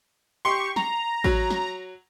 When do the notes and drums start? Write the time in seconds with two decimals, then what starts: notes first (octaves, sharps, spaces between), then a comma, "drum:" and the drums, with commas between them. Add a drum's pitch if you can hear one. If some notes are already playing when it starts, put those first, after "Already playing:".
0.45 G4 C6 C#6
0.76 A#5, drum: snare
1.24 F#3, drum: kick A1
1.50 drum: snare